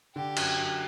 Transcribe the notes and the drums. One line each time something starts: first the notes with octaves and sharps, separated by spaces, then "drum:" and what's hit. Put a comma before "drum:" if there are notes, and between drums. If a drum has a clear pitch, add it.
D3 G4
F#2, drum: cymbal
F#2